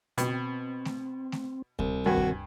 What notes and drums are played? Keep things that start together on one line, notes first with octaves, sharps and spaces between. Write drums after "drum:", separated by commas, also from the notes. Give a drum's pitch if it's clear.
B2 C4, drum: hi-hat
drum: snare A3
drum: snare A3
C2, drum: kick D2
G2 D#3 C4 F#4 G#5
drum: kick D2